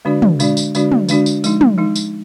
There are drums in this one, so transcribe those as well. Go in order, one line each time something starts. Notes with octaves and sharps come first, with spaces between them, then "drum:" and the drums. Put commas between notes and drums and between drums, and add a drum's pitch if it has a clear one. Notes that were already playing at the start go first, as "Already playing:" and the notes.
D3 G#3 D4 F#4 D5
drum: tom
D3 G#3 D4 F#4 D5, drum: tambourine
drum: tambourine
D3 G#3 D4 F#4 D5, drum: tambourine
drum: tom
D3 G#3 D4 F#4 D5, drum: tambourine
drum: tambourine
F3 G#3 D#4, drum: tambourine
drum: tom
F3 G#3 D#4
drum: tambourine